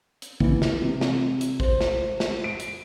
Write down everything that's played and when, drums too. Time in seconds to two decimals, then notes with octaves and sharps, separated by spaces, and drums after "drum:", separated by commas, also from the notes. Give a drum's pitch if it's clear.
0.22 drum: hi-hat
0.40 E3, drum: kick
0.62 drum: snare
0.82 C3
1.01 drum: snare
1.41 drum: hi-hat
1.60 C5, drum: kick
1.81 drum: snare
2.20 drum: snare
2.44 D7
2.60 drum: hi-hat